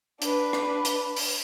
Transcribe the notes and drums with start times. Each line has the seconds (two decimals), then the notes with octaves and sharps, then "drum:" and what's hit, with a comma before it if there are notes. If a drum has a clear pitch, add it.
0.22 D4 B4, drum: hi-hat
0.53 drum: rim click
0.85 drum: hi-hat
1.16 drum: open hi-hat